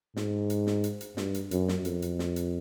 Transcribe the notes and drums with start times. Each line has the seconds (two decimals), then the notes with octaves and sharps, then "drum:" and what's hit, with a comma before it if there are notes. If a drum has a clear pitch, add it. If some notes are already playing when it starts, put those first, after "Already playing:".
0.16 G#2, drum: snare
0.50 drum: hi-hat
0.67 drum: snare
0.84 drum: hi-hat
1.01 drum: hi-hat
1.17 G2, drum: snare
1.34 drum: hi-hat
1.51 F#2, drum: hi-hat
1.68 drum: snare
1.85 F2, drum: hi-hat
2.02 drum: hi-hat
2.19 drum: snare
2.36 drum: hi-hat